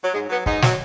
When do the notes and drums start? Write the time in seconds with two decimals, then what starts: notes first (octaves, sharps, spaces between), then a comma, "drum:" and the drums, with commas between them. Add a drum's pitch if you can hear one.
0.04 F#3
0.14 G#2 G#3
0.29 F#3 B3
0.46 G#2 D#4, drum: kick
0.62 F#3, drum: snare